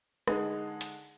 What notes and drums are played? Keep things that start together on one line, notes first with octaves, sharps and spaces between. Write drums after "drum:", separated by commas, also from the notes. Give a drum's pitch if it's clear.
D3 G#3 D#4 G#4, drum: rim click
drum: hi-hat